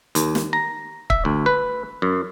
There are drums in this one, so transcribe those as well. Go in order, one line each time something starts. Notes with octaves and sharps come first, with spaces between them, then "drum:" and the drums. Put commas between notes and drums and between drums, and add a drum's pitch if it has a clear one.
D#2, drum: hi-hat
drum: snare
A#5
E5, drum: kick
D2
B4
F#2